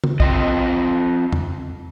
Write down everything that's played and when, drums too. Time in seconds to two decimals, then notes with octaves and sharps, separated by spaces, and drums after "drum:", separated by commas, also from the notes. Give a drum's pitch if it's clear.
0.04 drum: tom
0.20 C4 F4 D#5, drum: kick
1.32 drum: tom E2